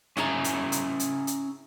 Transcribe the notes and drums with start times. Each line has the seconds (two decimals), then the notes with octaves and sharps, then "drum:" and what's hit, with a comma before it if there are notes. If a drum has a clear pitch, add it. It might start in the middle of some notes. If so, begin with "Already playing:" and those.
0.17 C#4 E4 G#4 A#5, drum: snare
0.44 drum: hi-hat
0.72 drum: hi-hat
1.00 drum: hi-hat
1.27 drum: hi-hat